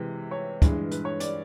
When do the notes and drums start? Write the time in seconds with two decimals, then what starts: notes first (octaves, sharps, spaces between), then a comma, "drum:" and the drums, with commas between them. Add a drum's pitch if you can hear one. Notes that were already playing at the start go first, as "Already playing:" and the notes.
Already playing: C3 E3 G#3
0.31 C#5
0.62 G2 E3 G#3, drum: kick, hi-hat
0.91 B4, drum: hi-hat
1.05 C#5
1.20 D5, drum: hi-hat